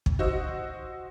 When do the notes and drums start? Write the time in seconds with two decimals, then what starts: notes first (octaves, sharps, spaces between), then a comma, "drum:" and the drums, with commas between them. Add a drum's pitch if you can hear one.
0.06 drum: kick
0.19 F#4 C5 D#5 F#5 E6